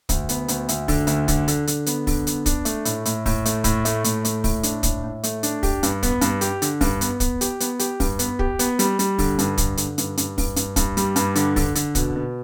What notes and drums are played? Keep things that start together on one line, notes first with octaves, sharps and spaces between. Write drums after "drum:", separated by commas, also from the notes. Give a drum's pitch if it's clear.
D2, drum: kick, hi-hat
B3, drum: hi-hat
D2, drum: hi-hat
D2, drum: hi-hat
D3, drum: kick, open hi-hat
D2, drum: hi-hat
D3, drum: kick, hi-hat
D3, drum: hi-hat
D3, drum: hi-hat
B3, drum: hi-hat
D3, drum: kick, open hi-hat
B3, drum: hi-hat
D4, drum: kick, hi-hat
A3, drum: hi-hat
A2, drum: hi-hat
A2, drum: hi-hat
A2, drum: kick, open hi-hat
A3, drum: hi-hat
A2, drum: kick, hi-hat
A3, drum: hi-hat
A2, drum: hi-hat
A3, drum: hi-hat
A2, drum: kick, open hi-hat
D4, drum: hi-hat
A2, drum: kick, hi-hat
A2
A3, drum: hi-hat
D4, drum: hi-hat
G4, drum: kick, open hi-hat
G2, drum: hi-hat
B3, drum: kick, hi-hat
G2, drum: hi-hat
G4, drum: hi-hat
D3, drum: hi-hat
G2, drum: kick, open hi-hat
B3, drum: hi-hat
B3, drum: kick, hi-hat
G4, drum: hi-hat
B3, drum: hi-hat
G4, drum: hi-hat
G2, drum: kick, open hi-hat
B3, drum: hi-hat
G4, drum: kick
B3, drum: hi-hat
G3, drum: hi-hat
G3, drum: hi-hat
D3, drum: kick, open hi-hat
G2, drum: hi-hat
D3, drum: kick, hi-hat
D3, drum: hi-hat
G2, drum: hi-hat
G2, drum: hi-hat
G2, drum: kick, open hi-hat
G2, drum: hi-hat
G2, drum: kick, hi-hat
G3, drum: hi-hat
G2, drum: hi-hat
D3, drum: hi-hat
D3, drum: kick, open hi-hat
D3, drum: hi-hat
B2, drum: kick, hi-hat
B2